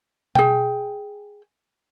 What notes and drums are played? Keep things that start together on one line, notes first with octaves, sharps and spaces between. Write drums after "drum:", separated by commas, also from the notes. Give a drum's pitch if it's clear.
G#4 G5, drum: tom B2